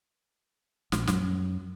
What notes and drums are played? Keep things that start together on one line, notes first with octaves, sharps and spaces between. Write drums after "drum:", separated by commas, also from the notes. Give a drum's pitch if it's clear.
A#1, drum: snare
F#2, drum: snare